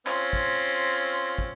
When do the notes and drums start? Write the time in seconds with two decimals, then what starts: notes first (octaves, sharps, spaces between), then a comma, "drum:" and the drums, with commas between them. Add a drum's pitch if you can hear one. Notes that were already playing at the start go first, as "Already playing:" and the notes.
0.07 C4 C#4 F4, drum: clap
0.33 drum: kick
0.59 drum: tambourine
1.12 drum: tambourine
1.38 drum: kick